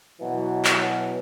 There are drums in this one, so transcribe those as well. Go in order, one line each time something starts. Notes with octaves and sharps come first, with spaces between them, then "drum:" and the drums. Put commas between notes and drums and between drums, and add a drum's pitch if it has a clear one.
B2 E3 F#3
drum: clap